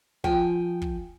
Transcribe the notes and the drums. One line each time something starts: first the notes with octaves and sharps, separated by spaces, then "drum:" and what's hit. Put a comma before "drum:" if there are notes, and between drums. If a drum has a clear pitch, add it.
F3 G5 G#5, drum: kick
drum: kick